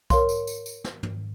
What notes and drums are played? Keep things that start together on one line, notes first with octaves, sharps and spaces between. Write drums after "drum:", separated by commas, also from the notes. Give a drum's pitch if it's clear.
A#4 C#5 F5 C6, drum: kick B1, tambourine
drum: tambourine
drum: tambourine
drum: tambourine
drum: snare
drum: tom